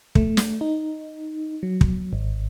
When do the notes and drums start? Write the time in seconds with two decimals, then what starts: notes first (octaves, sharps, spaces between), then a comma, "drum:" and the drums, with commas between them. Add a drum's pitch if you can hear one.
0.15 A3, drum: kick
0.37 drum: snare
0.61 D#4
1.63 F#3
1.81 drum: kick
2.13 G#1